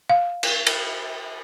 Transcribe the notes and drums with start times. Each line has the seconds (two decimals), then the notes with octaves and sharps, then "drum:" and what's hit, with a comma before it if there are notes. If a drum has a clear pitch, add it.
0.10 F5
0.43 drum: cymbal
0.67 drum: cymbal